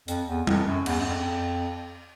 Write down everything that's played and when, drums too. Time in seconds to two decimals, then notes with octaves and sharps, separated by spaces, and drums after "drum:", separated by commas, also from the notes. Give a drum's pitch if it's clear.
0.08 F2, drum: hi-hat
0.28 E2
0.47 F2, drum: tom
0.66 F#2
0.86 E2, drum: cymbal
1.01 F#2
1.05 F2